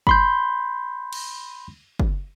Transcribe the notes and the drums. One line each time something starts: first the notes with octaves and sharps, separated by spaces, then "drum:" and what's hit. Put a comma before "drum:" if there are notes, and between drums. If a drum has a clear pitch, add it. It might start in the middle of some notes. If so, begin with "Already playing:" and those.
B5 C6 G6, drum: kick
drum: cymbal
drum: kick